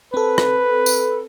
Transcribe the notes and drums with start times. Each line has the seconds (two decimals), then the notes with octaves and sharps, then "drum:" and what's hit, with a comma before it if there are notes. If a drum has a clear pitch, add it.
0.14 C4 A4 B4
0.38 drum: rim click
0.86 drum: tambourine